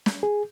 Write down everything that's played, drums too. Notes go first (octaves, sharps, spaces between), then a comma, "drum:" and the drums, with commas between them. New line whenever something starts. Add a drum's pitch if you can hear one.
drum: snare
G#4